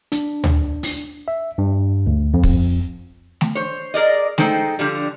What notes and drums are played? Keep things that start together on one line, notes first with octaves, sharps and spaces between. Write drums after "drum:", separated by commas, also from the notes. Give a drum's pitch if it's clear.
D4, drum: hi-hat
drum: tom D2
drum: open hi-hat
E5
G2
D2
F2
drum: kick
drum: snare
C5 C#5
G#4 A#4 D5 D#5
G#3 D#4 A4 C5 G5, drum: snare
D3 F3 G3